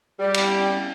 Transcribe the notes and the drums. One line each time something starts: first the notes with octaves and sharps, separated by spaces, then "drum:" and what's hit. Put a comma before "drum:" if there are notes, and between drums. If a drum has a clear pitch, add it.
G3 G4
drum: cymbal